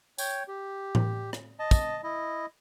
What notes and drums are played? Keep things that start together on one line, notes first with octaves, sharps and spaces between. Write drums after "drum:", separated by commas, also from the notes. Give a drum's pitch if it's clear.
C#5 G5, drum: tambourine
G4
drum: tom A2
drum: rim click
D#5 A5
drum: kick, tambourine
E4 D#5